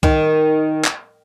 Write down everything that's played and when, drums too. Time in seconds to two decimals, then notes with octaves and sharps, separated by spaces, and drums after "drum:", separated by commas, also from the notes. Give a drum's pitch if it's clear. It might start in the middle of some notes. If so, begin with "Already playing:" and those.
0.03 D#3, drum: kick C2
0.84 drum: clap